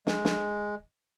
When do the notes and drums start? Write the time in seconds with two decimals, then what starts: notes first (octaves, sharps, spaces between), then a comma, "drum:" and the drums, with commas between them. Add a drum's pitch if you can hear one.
0.07 G#3, drum: snare
0.25 drum: snare